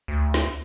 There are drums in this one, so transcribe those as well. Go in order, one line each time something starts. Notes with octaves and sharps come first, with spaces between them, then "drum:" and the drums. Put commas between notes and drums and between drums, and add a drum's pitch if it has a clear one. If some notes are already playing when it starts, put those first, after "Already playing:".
D2
drum: snare